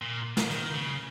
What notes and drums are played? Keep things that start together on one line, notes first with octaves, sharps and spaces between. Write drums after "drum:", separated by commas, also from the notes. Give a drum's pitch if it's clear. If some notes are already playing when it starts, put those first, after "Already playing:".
A#2
drum: snare
D#3, drum: hi-hat
C#3